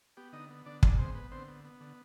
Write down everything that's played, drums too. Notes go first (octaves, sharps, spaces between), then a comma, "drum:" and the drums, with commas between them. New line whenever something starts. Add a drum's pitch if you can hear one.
B3 G4
D3 D#4 D#5
B3
D3 D4 D5
G#3 D4 D5, drum: kick
B3 C4 C5
B3 B4
D3 C4 C5
B3
B3
D3